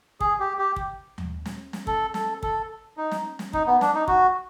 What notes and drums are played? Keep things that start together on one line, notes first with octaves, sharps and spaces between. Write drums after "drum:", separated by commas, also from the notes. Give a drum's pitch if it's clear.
G#4, drum: kick
G4
G4
drum: kick
drum: tom D#2
drum: snare
drum: snare
A4, drum: kick
A4, drum: snare
A4, drum: kick
D#4
drum: snare
drum: snare
D#4, drum: kick
B3
D4, drum: snare
D#4
F#4, drum: kick